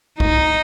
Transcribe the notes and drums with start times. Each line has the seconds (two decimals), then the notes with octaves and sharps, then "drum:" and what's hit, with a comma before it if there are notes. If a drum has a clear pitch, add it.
0.20 D#4, drum: kick B1